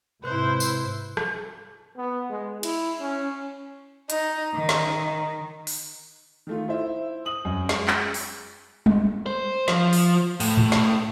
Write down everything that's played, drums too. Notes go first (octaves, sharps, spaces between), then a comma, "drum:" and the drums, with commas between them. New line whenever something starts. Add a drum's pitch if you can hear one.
G#2 C3 E4 B4 C5 F#6
drum: tambourine
drum: rim click
B3
G#3
E4, drum: cymbal
C#4
D#4, drum: hi-hat
D#3
drum: snare
drum: open hi-hat
D#3 A3 F4
E4 C5 E5
D#6 F#7
F#2
G#3, drum: snare
drum: clap
drum: open hi-hat
drum: tom G3
C5
F3, drum: snare
drum: open hi-hat
A2, drum: open hi-hat
drum: tom A2
drum: snare